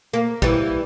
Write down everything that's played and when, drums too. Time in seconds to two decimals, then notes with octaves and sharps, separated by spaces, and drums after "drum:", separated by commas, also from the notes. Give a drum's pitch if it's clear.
0.13 A#3
0.42 E3 G3, drum: kick